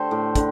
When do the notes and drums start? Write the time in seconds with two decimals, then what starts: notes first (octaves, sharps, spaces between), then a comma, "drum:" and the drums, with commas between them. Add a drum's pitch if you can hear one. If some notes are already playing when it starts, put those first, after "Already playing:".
Already playing: D3 A3 G4 A4 C5
0.11 A2
0.35 D3, drum: kick, hi-hat